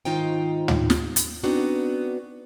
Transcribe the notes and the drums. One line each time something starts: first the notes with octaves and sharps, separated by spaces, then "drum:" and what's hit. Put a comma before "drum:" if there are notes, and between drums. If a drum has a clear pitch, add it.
G#2 D#3 D#4 F4 C5 G5
drum: tom
drum: snare
drum: hi-hat
B3 C4 D4 D#4 F#4